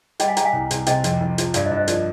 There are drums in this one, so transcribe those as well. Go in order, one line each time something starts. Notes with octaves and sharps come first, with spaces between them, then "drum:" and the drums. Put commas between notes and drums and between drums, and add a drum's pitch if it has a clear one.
G3 D#5 G5, drum: hi-hat
F5 G#5
G3 G5 A#5, drum: hi-hat
F5 G#5
C2
C2, drum: hi-hat
C3 D#5 G5, drum: hi-hat
F2, drum: hi-hat
F2
F3, drum: hi-hat
G2 D5 F5, drum: hi-hat
C5 D#5
G2
C5 D#5
F3 A#4 D5, drum: hi-hat